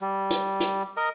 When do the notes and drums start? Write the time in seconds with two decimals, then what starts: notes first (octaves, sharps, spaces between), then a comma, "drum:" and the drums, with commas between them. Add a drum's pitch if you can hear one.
0.01 G3
0.30 drum: hi-hat
0.60 drum: hi-hat
0.97 A#4 D#5